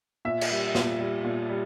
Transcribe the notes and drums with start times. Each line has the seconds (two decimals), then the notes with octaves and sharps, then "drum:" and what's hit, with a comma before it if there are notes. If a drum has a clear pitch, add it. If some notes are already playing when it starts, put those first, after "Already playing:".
0.25 A#2 E5
0.41 drum: cymbal
0.51 G3
0.75 A#2, drum: snare
1.00 G3
1.25 A#2
1.50 G3